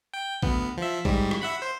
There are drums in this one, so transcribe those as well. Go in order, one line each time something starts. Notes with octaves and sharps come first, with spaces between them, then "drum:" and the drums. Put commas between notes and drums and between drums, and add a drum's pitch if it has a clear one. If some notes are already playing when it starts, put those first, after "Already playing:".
G5
D2 B3, drum: kick A1
F3 E5
G#2 G3, drum: kick A1
drum: rim click
E5 F#5 B5
C5